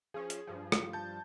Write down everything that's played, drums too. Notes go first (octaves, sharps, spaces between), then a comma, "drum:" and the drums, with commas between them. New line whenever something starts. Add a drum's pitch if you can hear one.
F3 C#4 G#4
drum: hi-hat
G2 F3
drum: rim click
A5 G6